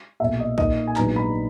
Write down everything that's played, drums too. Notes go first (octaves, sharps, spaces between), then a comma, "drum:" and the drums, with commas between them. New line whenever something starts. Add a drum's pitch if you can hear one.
B1 A#2 A#3 E5
D#5
A#2 A#3 D#4 D#5, drum: kick
G#5
A#1 G#2 F#3 B3 D#4 A#5, drum: clap
B5